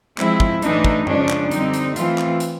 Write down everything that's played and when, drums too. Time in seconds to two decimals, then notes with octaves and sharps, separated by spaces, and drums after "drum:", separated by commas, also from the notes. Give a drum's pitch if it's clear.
0.18 F3 G#3 C4 E4, drum: clap
0.40 drum: kick
0.62 A2 E3 A3 D4 D#4, drum: hi-hat
0.85 drum: kick
1.07 C#3 F3 G#3 C#4 D4, drum: tom F#2
1.29 drum: clap
1.51 D3 G3 C4 D#4, drum: hi-hat
1.74 drum: hi-hat
1.96 E3 A3 C4 F4, drum: hi-hat
2.18 drum: clap
2.40 drum: hi-hat